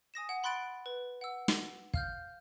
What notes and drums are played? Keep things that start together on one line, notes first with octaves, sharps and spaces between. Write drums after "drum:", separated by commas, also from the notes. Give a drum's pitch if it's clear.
G#5 D#6 A#6 E7
F#5
F#5 B5 C6 F#6 A6 D7
B4
F#5 E6
drum: snare
F5 F6 G6, drum: kick